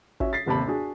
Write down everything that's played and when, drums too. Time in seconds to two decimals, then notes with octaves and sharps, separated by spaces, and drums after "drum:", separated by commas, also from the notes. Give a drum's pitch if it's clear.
0.20 C#4 F#4 E5, drum: kick
0.33 A6 B6 C7
0.46 G1 D#2 C3 A5 B5
0.68 D4 F#4 G#4